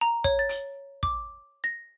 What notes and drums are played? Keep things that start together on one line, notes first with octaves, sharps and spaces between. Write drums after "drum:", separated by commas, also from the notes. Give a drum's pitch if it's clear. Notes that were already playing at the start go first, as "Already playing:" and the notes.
A#5
C#5, drum: kick
A6
drum: hi-hat
D6, drum: kick
A#6